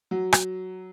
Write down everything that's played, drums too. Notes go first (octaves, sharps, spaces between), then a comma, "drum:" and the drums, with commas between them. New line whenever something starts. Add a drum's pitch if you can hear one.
F#3
drum: rim click